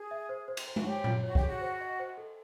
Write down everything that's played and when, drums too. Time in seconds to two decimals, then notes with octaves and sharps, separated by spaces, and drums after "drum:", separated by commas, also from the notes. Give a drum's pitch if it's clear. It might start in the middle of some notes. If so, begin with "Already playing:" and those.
Already playing: G#4
0.11 E5
0.29 C5
0.48 C5
0.57 drum: cymbal
0.68 C5
0.76 F#4, drum: tom G#3
0.86 G4 C#5
1.04 F4, drum: tom A#2
1.23 F#4 C#5
1.35 G4, drum: kick
1.42 G#4
1.48 F#4
1.61 C5
1.81 D#5
1.99 C5
2.18 A4